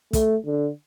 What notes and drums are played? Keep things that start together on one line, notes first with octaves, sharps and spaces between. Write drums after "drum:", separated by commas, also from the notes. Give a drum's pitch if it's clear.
A3, drum: kick, hi-hat
D3